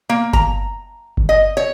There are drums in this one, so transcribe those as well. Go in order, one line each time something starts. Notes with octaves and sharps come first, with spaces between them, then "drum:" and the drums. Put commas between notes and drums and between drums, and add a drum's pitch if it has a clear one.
A#3
A#5, drum: kick G1
drum: kick G1
D#5
C#5